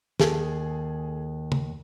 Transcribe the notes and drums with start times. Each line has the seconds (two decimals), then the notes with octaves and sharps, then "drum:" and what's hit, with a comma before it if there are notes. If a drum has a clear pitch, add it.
0.20 D#2 G#4 A4 A5, drum: snare
1.52 drum: tom